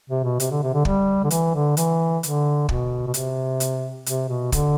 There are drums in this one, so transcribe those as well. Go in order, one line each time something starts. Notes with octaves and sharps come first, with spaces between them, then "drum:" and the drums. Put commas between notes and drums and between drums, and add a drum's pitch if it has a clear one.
C3
B2
C3, drum: hi-hat
D3
C3
D3
G3, drum: kick
D3
E3, drum: hi-hat
D3
E3, drum: hi-hat
D3, drum: hi-hat
B2, drum: kick
B2
C3, drum: hi-hat
drum: hi-hat
C3, drum: hi-hat
B2
D3, drum: kick, hi-hat